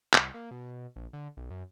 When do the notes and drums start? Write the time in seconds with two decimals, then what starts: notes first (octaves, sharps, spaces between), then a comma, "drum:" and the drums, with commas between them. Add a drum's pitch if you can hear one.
0.13 C2, drum: clap
0.34 A#3
0.51 B2
0.96 A#1
1.13 D3
1.37 B1
1.50 F#2